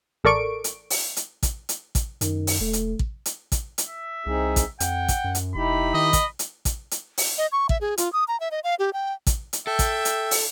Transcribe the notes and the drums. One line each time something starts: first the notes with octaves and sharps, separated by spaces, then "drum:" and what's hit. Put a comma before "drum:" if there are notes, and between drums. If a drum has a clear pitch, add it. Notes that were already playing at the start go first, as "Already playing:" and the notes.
A1 A4 A#4 D5 C#6 D7
drum: hi-hat
drum: open hi-hat
drum: hi-hat
drum: kick, hi-hat
drum: hi-hat
drum: kick, hi-hat
F#2 D#3, drum: hi-hat
drum: open hi-hat
E1 A3
drum: hi-hat
drum: kick
drum: hi-hat
drum: kick, hi-hat
drum: hi-hat
E5
C2 C4 D#4 G#4
drum: kick, hi-hat
F2 F#5 G5, drum: hi-hat
drum: kick, hi-hat
F#2
drum: hi-hat
F1 D#4 E4 G4 B5
D#3 D#5
drum: kick, hi-hat
drum: hi-hat
drum: kick, hi-hat
drum: hi-hat
drum: open hi-hat
D#5
C#6
E5, drum: kick
G#4
F4, drum: hi-hat
D#6
A#5
E5
D#5
F5
G4
G5
drum: kick, hi-hat
drum: hi-hat
A4 E5 G5
drum: kick, hi-hat
drum: hi-hat
drum: open hi-hat